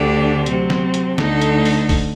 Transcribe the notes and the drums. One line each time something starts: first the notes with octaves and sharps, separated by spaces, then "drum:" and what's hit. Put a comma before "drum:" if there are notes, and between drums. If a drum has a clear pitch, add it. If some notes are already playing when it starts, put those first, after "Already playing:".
Already playing: D2 D3 A3 D4 G4
C3 F#3 C4, drum: hi-hat
drum: snare
drum: hi-hat
D2 D3 A3 D#4 A4, drum: snare
drum: hi-hat
drum: open hi-hat
drum: kick A1, open hi-hat